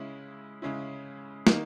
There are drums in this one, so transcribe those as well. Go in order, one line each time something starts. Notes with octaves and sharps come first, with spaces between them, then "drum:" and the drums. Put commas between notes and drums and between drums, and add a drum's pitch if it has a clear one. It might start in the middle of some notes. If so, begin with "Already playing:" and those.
Already playing: C#3 G#3 C#4 E4
C#3 G#3 C#4 E4
D#3 A#3 D#4, drum: snare